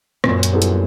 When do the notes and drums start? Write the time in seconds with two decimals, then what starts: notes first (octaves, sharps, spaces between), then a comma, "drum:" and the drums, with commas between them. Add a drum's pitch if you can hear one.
0.24 F#2 A#2, drum: rim click
0.43 drum: hi-hat
0.52 G3 B3 E4 A4
0.62 drum: hi-hat